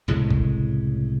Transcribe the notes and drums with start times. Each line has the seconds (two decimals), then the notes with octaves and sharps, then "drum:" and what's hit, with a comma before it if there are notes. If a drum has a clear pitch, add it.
0.08 C2 A2 C#3 G#3
0.31 drum: kick G1